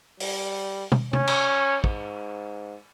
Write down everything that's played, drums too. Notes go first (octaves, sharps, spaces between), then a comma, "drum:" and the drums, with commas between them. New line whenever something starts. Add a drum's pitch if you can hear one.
G3, drum: open hi-hat
drum: tom
C#4, drum: tom C3
drum: cymbal
G#2, drum: kick